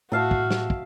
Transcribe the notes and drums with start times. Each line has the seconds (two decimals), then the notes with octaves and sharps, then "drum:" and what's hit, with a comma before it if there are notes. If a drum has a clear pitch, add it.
0.12 A2 F#4 E5 F5 A5
0.31 drum: kick
0.51 drum: snare
0.70 drum: kick